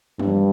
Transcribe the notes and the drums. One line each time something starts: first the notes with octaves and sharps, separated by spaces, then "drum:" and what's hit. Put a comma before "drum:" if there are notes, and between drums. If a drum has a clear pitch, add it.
G2, drum: tom